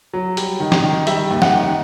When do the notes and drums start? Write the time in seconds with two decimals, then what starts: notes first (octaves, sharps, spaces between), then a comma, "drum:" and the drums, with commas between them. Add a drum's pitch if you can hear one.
0.13 F#3
0.37 G3, drum: hi-hat
0.60 D#3
0.72 drum: snare
0.84 D#3
1.07 G3 E5, drum: hi-hat
1.31 D#2
1.42 F#5, drum: snare
1.53 D#3